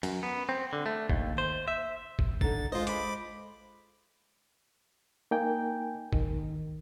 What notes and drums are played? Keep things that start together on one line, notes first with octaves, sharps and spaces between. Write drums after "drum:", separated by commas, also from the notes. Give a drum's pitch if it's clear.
F#2, drum: cymbal
B3
C4
D3
A3
D#2, drum: kick
C5
E5
drum: kick
D3 D#4 A6, drum: kick
G#3 F4 C5 D#5
B5 D6, drum: hi-hat
A#3 D#4 G5 G#5
D#3, drum: kick